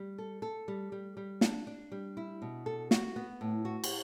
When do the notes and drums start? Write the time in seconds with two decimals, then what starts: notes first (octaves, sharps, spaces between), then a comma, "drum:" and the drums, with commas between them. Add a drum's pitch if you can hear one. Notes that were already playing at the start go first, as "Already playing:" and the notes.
Already playing: G3
0.18 A4
0.42 A4
0.68 G3
0.92 G3
1.17 G3
1.41 D4, drum: snare
1.67 D4
1.92 G3
2.17 E4
2.42 B2
2.66 A4
2.91 F#4, drum: snare
3.16 B3
3.41 A2
3.65 F#4
3.84 drum: cymbal